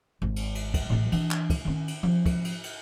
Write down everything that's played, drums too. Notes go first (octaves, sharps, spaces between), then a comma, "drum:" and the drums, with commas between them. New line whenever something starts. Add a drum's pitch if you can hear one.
G#1
drum: cymbal
drum: cymbal
drum: kick, cymbal
A1 A2
E3 D4, drum: cymbal
drum: clap
drum: kick, cymbal
D#3 C#4
drum: cymbal
F3 C#4
drum: kick, cymbal
drum: cymbal
drum: cymbal